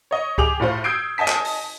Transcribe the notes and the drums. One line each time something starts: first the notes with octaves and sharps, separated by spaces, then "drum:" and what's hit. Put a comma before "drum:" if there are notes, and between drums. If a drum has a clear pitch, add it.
C#5 D#5
G4 G#4 D6 F7 F#7, drum: kick C#2
A2 A3 F4 C5
D#6 E6 G6 G#6 C7 D7
D#5 G#5 A5 B6
drum: clap
drum: open hi-hat